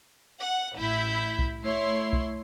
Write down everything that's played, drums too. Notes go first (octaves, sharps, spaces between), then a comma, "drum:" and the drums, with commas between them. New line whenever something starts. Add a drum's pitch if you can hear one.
F#5
A1 E4 G6
drum: kick B1
A3 E4 C#5 C6
drum: kick B1